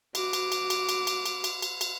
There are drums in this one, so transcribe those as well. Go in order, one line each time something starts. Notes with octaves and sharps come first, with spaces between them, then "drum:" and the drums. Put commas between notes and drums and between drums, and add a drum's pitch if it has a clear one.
F#4 D6, drum: cymbal
drum: cymbal
drum: cymbal
drum: cymbal
drum: cymbal
drum: cymbal
drum: cymbal
drum: cymbal
drum: cymbal
drum: cymbal